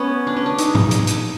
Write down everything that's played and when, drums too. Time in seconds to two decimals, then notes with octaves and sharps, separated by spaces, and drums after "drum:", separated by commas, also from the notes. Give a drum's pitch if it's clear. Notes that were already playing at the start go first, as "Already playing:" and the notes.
Already playing: A3 B3 C#4
0.27 D4
0.37 C#4
0.46 D4
0.58 D#4, drum: hi-hat
0.75 drum: tom G#2
0.91 drum: hi-hat
1.07 drum: hi-hat